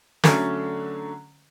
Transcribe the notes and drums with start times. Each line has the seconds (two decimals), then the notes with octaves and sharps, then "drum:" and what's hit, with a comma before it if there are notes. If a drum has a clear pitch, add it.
0.24 D3 F#3 A3 C#4, drum: snare